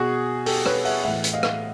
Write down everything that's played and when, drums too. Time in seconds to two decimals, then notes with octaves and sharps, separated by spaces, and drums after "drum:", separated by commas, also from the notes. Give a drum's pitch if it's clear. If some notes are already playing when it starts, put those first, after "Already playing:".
Already playing: B2 F#4 G#4
0.46 G4 A4, drum: open hi-hat
0.66 B4 C#5, drum: rim click
0.85 E5 F#5, drum: open hi-hat
1.04 A2 E3 E5 F#5
1.24 drum: hi-hat
1.33 D#5 F5
1.43 drum: rim click